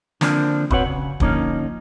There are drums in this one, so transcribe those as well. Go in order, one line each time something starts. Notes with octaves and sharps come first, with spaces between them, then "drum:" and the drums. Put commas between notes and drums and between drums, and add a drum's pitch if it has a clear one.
D3 F3 A#3 C4 D4, drum: snare
C4 E4 F#4 B4 C#5 F#5, drum: kick
C#3
D3 F3 A#3 C#4 D#4, drum: kick